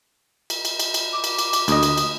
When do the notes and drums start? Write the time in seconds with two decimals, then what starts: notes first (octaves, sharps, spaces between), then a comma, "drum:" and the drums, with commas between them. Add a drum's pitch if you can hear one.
0.50 drum: cymbal
0.65 drum: cymbal
0.80 drum: cymbal
0.94 drum: cymbal
1.12 D6
1.24 drum: cymbal
1.39 drum: cymbal
1.53 drum: cymbal
1.68 D2 D#5 D#6, drum: cymbal
1.83 drum: cymbal
1.98 drum: cymbal